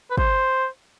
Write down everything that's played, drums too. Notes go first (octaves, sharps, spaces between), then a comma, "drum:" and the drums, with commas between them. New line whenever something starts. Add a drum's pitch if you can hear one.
B4
C5, drum: kick